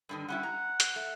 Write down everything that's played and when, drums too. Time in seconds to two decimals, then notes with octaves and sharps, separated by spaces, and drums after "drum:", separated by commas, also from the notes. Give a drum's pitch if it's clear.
0.09 G2 D3 D#3
0.28 G3 C#4 E4 F#5
0.43 A#5
0.80 drum: hi-hat
0.96 A3